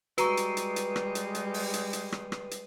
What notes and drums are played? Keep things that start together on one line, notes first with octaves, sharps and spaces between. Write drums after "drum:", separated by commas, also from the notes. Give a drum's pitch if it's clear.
G3 G#3 F#4 B4 A#5 C#6 C7 D#7, drum: hi-hat
drum: hi-hat
drum: hi-hat
drum: hi-hat
drum: rim click
drum: hi-hat
drum: hi-hat
drum: open hi-hat
drum: hi-hat
drum: hi-hat
drum: rim click
drum: rim click
drum: hi-hat